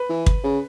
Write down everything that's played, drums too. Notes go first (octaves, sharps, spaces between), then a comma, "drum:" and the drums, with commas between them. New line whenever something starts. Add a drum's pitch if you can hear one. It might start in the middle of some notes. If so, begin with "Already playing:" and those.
Already playing: B4
E3
drum: kick
C#3